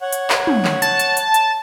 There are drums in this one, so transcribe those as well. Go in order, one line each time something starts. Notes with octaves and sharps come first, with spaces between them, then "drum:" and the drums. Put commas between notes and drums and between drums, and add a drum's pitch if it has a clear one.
C#5 F#5
drum: hi-hat
drum: clap
drum: tom
drum: clap
A5, drum: hi-hat
drum: hi-hat
drum: hi-hat
drum: hi-hat